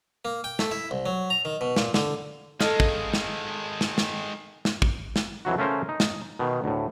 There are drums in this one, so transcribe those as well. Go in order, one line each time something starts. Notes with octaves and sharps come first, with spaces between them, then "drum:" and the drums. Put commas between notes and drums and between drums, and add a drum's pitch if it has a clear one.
A#3
G5
A3, drum: snare
E4
C2
F#3
A#5
D#3
B2
A#2, drum: snare
D3, drum: snare
D#3 G#3 A4 D#5 F5, drum: snare
drum: kick
drum: snare
drum: snare
drum: snare
drum: snare
drum: kick
drum: snare
F2 E3 F#3 F#4
C#3 A3 C#4 A#4 C5
D#4
drum: snare
B2 D#3
D2 A2